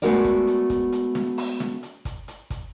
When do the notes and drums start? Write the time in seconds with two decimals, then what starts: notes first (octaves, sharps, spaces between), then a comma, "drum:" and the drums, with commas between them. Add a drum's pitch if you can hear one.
0.02 G#3 A3 B3 F#4 A#4 D5, drum: hi-hat
0.25 drum: kick, hi-hat
0.47 drum: hi-hat
0.70 drum: kick, hi-hat
0.92 drum: hi-hat
1.15 drum: snare
1.38 drum: open hi-hat
1.60 drum: snare
1.83 drum: hi-hat
2.05 drum: kick, hi-hat
2.28 drum: hi-hat
2.50 drum: kick, hi-hat